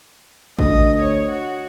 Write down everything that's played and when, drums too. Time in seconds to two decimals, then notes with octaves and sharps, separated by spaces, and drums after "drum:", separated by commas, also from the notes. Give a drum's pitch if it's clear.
0.59 D2 D#5, drum: kick A1
0.99 C#5
1.30 F#4